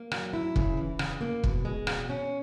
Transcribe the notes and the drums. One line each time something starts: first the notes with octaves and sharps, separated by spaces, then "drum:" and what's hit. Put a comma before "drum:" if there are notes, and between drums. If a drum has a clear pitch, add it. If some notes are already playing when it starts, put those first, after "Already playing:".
Already playing: A#3
F#3, drum: rim click
E4
C#3, drum: kick
E3
C#3, drum: rim click
A#3
B2, drum: kick
G#3
B2, drum: rim click
C#4